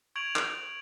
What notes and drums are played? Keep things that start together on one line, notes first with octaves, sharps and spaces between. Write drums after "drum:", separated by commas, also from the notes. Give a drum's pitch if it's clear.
C#6 G#6 D7 F7 F#7
drum: clap